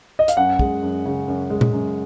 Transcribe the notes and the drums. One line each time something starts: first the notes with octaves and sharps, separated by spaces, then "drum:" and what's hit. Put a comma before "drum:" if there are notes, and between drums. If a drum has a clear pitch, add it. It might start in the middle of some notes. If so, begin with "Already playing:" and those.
D#5
F5, drum: hi-hat
F#2 F#5
G#3, drum: kick
F#2
C#3
F#2
G#3
drum: tom A#2
F#2